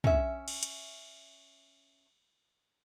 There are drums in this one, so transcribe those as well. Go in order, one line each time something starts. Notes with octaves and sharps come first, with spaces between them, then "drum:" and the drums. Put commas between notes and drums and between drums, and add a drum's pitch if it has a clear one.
C#4 E5, drum: tom
drum: cymbal
drum: hi-hat